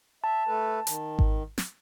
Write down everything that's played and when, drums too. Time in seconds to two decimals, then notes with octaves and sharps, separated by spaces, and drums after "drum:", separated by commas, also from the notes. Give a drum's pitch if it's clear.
0.24 E5 A5
0.47 A3 A4 B4
0.87 D#3, drum: hi-hat
1.19 drum: kick G#1
1.58 drum: snare